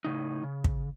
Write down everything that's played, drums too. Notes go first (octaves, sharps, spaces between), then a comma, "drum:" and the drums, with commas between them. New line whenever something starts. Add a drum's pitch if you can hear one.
A2 C#3 D#4
C#3
drum: kick